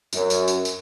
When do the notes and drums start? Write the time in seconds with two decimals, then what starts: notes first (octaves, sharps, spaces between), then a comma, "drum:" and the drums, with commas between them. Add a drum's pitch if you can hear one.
0.13 F#2, drum: tambourine
0.30 drum: tambourine
0.48 drum: tambourine
0.65 drum: tambourine